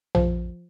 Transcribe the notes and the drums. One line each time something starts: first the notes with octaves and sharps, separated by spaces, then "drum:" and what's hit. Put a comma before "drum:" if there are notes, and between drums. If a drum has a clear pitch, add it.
F3, drum: tom A#1